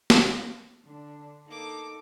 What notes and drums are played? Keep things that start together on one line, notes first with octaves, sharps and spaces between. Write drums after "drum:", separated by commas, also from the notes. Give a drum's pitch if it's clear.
drum: snare
D3 D4
A#3 D#4 A4 D6